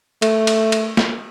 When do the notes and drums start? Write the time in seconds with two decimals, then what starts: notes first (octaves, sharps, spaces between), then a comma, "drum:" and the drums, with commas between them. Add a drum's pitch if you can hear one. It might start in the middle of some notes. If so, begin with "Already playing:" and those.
0.22 A3, drum: cymbal
0.47 drum: cymbal
0.72 drum: cymbal
0.97 drum: snare